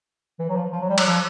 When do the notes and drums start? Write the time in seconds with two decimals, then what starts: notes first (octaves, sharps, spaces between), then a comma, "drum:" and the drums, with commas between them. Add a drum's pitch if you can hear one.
0.39 E3
0.49 F#3
0.56 F3
0.72 F3
0.81 F#3
0.89 G3
0.98 F#3, drum: cymbal
1.06 F3